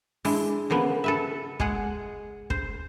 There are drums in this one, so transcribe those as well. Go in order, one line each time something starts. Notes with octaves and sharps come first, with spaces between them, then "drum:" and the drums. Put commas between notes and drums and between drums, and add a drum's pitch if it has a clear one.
G#3 D4 E4, drum: open hi-hat
C#3 F3 A#3 B3
A4 B4 E5
G#3 G#4 F#5, drum: kick
C5, drum: kick